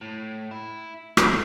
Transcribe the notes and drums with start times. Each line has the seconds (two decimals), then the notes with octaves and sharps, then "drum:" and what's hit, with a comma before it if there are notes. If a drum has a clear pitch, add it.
0.01 A2
0.51 E4
1.17 A3, drum: rim click